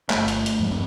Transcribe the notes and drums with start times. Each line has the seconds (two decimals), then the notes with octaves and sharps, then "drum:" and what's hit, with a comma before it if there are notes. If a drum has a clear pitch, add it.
0.10 G1 A3, drum: clap
0.28 drum: hi-hat
0.46 drum: hi-hat
0.60 E2 G#2 F3 G#3
0.71 A1 G2 C4